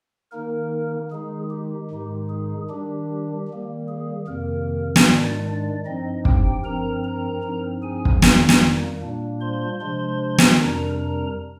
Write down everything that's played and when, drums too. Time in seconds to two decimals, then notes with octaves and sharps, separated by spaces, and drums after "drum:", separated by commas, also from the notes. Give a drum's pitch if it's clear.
0.32 D#3 A#3 D#4 A#4
1.11 D#3 G#3 D#4 G#4
1.50 G4
1.91 G#2 D#3 G#3 D#4
2.30 G#4
2.69 D#3 G3 D4 G4
3.48 D#3 G3 A#3
3.88 G#4
4.27 F2 C3 D#3 A#3 A#4
4.96 drum: snare
5.06 G#2 D#3 G#3 D4 D5
5.46 D4 D5
5.85 G2 F3 C4 D#4 D#5
6.25 G4 G5, drum: kick
6.64 G2 F3 C4 A#4 A#5
7.04 A#4 A#5
7.43 G2 F3 C4 D#4
7.82 G#4 G#5
8.05 drum: kick
8.22 F2 D#3 G3 A#3 D#4, drum: snare
8.49 drum: snare
9.01 A#2 G3 A#3 D4
9.41 C5 C6
9.80 C3 F3 G#3 D4 C5 C6
10.38 drum: snare
10.59 F2 C3 G3 D4 A#4 A#5
10.99 A#4 A#5